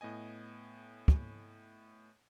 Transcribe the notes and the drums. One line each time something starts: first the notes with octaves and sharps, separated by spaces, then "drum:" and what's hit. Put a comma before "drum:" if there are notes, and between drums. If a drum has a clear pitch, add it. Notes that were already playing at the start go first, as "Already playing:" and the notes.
A2 B3 D#5 G#5
drum: kick